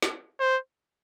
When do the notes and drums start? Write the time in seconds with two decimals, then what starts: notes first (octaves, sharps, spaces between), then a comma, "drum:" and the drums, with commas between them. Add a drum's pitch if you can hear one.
0.03 drum: snare
0.40 C5